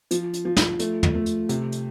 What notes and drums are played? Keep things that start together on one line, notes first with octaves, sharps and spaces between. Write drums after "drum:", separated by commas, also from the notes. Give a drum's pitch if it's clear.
F3, drum: hi-hat
drum: hi-hat
F3
drum: snare
A3, drum: hi-hat
drum: tom
A3
drum: hi-hat
C3, drum: hi-hat
drum: hi-hat